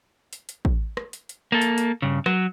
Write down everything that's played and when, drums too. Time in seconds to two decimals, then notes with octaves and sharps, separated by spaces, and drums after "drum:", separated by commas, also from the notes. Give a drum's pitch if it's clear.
0.33 drum: hi-hat
0.49 drum: hi-hat
0.65 drum: kick A1
0.97 drum: rim click
1.13 drum: hi-hat
1.29 drum: hi-hat
1.52 A#3 A4
1.62 drum: hi-hat
1.78 drum: hi-hat
2.02 G2 C#3
2.26 F#3, drum: rim click